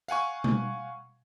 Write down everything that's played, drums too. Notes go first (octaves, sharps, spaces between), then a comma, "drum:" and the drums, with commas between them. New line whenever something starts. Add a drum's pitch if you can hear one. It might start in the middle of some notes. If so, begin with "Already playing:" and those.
F5 F#5 G#5 C#6, drum: tambourine
drum: tom